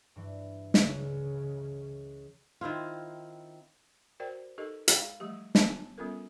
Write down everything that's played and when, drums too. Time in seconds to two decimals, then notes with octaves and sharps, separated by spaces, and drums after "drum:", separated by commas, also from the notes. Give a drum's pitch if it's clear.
0.16 G2 E3
0.74 C#2 C#3, drum: snare
2.61 D#3 C4 E4 F4
4.20 F#4 A#4 C5 D5 G5
4.58 D#4 G4 A4 A#4 D#5
4.88 G#3 F5 G5, drum: hi-hat
5.20 E3 F3 G3 A3 G4
5.55 B3 D4 C#5 A5, drum: snare
5.98 G3 B3 C#4 F4 A4 A#4